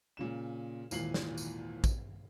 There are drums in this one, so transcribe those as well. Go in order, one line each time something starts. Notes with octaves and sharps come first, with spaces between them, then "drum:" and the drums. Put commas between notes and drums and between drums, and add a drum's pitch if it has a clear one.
A#2 C#3 E7
G#1 D#2 A#2 E3 C7 F#7, drum: tambourine
drum: snare
drum: tambourine
drum: kick, tambourine